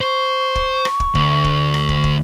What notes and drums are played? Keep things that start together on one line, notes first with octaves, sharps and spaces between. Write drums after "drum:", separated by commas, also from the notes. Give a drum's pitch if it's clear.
C5 C#6
drum: kick
drum: rim click
drum: kick
D2, drum: kick
drum: kick
drum: rim click
drum: kick
drum: kick